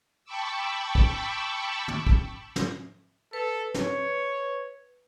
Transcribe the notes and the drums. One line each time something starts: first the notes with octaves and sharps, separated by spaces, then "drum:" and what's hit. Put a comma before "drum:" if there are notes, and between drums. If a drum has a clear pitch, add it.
G5 A5 B5 C#6 D6 E6
drum: kick
drum: tom
drum: kick
drum: snare
A4 B4
C#5, drum: snare